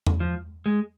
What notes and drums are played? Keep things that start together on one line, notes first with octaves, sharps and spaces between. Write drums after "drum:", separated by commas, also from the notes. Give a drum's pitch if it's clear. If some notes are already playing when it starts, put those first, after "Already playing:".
drum: tom E2
F3
G#3